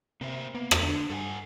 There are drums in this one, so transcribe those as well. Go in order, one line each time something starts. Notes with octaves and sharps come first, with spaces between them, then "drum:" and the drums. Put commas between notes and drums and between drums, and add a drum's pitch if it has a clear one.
C3 A#3 C5 E5
A#3 B3
drum: rim click
D3 D4
G2 A4 F#5 G#5